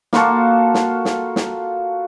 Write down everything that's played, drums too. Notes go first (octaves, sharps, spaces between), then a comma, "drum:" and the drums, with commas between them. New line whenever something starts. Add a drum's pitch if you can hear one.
A#3 F4 F#4 A4, drum: snare
drum: snare
drum: snare
drum: snare